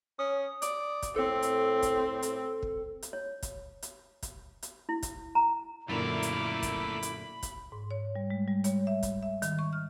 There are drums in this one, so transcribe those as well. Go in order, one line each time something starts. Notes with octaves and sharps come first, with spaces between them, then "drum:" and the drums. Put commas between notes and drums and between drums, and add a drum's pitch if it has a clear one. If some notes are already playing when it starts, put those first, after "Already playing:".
C#4 D#6
D5, drum: hi-hat
drum: kick, hi-hat
A2 C4 A4
drum: hi-hat
drum: kick, hi-hat
drum: hi-hat
drum: kick
drum: hi-hat
C#5
drum: kick, hi-hat
drum: hi-hat
drum: kick, hi-hat
drum: hi-hat
E4
drum: kick, hi-hat
A#5
F#2 A#2 D3 A3 E4 A#4 B5 D6
drum: hi-hat
drum: kick, hi-hat
drum: hi-hat
drum: kick, hi-hat
G#2
C#5
G3
G#3
G3
C#5, drum: hi-hat
E5
drum: kick, hi-hat
E5
D#3, drum: hi-hat
C#6
F6